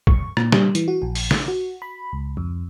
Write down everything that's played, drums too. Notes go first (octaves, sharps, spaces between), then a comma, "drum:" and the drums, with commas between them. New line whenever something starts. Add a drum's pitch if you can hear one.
C#6, drum: kick
A#2, drum: rim click
G3, drum: snare
E3, drum: hi-hat
F#4
A#1
drum: open hi-hat
drum: snare
F#4
B5
C#2
F2